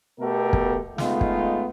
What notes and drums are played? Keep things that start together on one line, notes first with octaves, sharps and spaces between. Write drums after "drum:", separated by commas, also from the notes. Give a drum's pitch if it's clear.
B2 A3 B3 G4 A4 A#4
drum: kick
G#3 A3 B3 D#4 F4, drum: snare
drum: kick